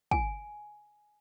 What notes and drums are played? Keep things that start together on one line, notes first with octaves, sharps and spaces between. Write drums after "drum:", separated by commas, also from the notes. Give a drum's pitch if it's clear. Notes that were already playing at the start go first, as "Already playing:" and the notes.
G#5, drum: kick